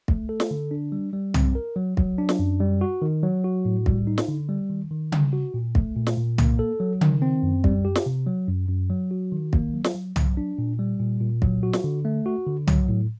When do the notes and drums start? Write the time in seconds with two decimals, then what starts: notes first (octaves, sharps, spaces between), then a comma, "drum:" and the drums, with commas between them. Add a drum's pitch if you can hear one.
0.08 A3, drum: kick
0.29 A4
0.40 drum: snare
0.51 D3
0.71 D4
0.92 G3
1.13 G3
1.34 C4, drum: tom
1.55 A#4
1.76 F#3
1.97 F#3, drum: kick
2.18 D4
2.29 drum: snare
2.39 F#2
2.60 G3
2.81 F#4
3.02 D#3
3.23 F#3
3.44 F#4
3.65 A2
3.86 G3, drum: kick
4.07 D#4
4.18 drum: snare
4.28 D3
4.49 G3
4.70 D#3
4.91 D#3
5.12 G3, drum: tom C#3
5.33 F#4
5.54 A#2
5.75 A3, drum: kick
5.96 A#2
6.07 drum: snare
6.17 A#2
6.38 A#3, drum: tom
6.59 A4
6.80 F#3
7.01 D#3, drum: tom C#3
7.22 C4
7.43 F#2
7.64 G3, drum: kick
7.85 G4
7.95 drum: snare
8.06 C3
8.27 F#3
8.48 F#2
8.69 F#2
8.90 F#3
9.11 F#4
9.32 D#3
9.53 A#3, drum: kick
9.74 F#3
9.84 drum: snare
9.95 F#3
10.16 F#3, drum: tom
10.37 D4
10.58 A#2
10.79 G3
11.00 A#2
11.21 A#2
11.42 F#3, drum: kick
11.63 F#4
11.73 drum: snare
11.84 D3
12.05 A3
12.26 F#4
12.47 D3
12.67 F#3, drum: tom
12.89 A2